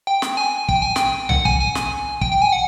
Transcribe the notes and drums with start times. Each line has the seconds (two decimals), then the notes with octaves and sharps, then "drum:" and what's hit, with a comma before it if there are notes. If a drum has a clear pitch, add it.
0.07 G5
0.22 drum: snare
0.37 G#5
0.69 G5, drum: kick
0.82 G#5
0.96 G5, drum: snare
1.29 F#5, drum: tom C2
1.45 G#5, drum: kick
1.60 G#5
1.75 drum: snare
2.21 G5, drum: kick
2.32 G5
2.42 G#5
2.52 F#5